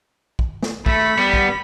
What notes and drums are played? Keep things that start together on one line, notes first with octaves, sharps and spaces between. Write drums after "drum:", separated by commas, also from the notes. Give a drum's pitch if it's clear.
drum: kick A#1
drum: snare
A3 B5 B6, drum: kick A#1
G3 B3
drum: kick A#1